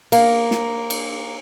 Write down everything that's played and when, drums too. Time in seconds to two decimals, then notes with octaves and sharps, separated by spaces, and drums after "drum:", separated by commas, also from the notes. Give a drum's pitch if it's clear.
0.12 A#3, drum: cymbal
0.51 drum: snare
0.90 drum: cymbal